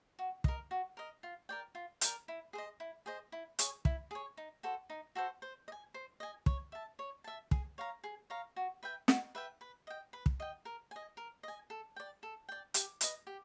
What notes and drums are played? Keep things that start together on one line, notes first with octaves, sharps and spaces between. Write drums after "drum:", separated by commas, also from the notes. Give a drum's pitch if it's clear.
F#4
A#4 D#5, drum: kick
F#4
A#4 D#5
F4
A#4 D5 G5
F4
A#4 D5 G5, drum: hi-hat
E4
G#4 C5 D#5
E4
G#4 C5 D#5
E4
G#4 C#5, drum: hi-hat
E4, drum: kick
G#4 C#5
D#4
F#4 A4 C5
D#4
F#4 A4 C5
C5
D#5
G#5
C5
D#5 G#5
C#5, drum: kick
E5 A5
C#5
E5 A5
G#4, drum: kick
C#5 F5 A#5
G#4
C#5 F5 A#5
F#4
B4 E5 G5
F#4, drum: snare
B4 E5 G5
B4
D#5 G5
B4
drum: kick
D#5 G5
A#4
D#5 G#5
A#4
D#5 G#5
A4
D5 G5
A4
D5 G5
G4, drum: hi-hat
B4 D#5, drum: hi-hat
G4